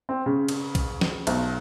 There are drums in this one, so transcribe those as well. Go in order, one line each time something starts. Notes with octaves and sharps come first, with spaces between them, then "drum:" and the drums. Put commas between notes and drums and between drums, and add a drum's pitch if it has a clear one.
C4
C#3
drum: cymbal
drum: kick, cymbal
drum: snare
B1, drum: cymbal